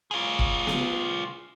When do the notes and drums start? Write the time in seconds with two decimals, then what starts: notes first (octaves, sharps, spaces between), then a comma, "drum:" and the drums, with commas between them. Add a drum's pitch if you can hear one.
0.11 F4 G#4
0.39 drum: kick
0.67 drum: snare B3